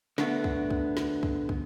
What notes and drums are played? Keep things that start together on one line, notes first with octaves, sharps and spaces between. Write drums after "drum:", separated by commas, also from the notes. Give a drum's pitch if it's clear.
D3 A3 B3, drum: snare
drum: kick
drum: kick
drum: snare
drum: kick
drum: kick